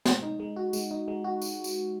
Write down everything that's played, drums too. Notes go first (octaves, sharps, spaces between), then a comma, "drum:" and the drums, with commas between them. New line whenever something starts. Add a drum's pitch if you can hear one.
G#3, drum: snare
D#4
G#3
F#4
G#3, drum: tambourine
D#4
G#3
F#4
drum: tambourine
drum: tambourine